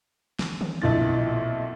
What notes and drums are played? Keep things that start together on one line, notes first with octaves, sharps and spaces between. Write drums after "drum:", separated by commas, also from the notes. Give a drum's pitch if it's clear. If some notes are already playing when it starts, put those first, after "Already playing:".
drum: snare
drum: tom D3
B1 F2 A#2 E4 A6